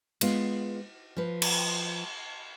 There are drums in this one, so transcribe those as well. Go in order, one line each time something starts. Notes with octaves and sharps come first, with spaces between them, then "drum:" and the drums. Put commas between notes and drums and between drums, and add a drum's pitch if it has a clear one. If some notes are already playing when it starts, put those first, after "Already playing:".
G#3 B3 F4, drum: cymbal
F3 B4
drum: cymbal